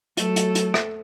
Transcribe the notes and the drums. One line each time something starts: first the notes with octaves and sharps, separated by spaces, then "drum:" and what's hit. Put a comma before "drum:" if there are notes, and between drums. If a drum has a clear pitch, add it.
F#3 A3 A4, drum: hi-hat
drum: hi-hat
drum: hi-hat
drum: rim click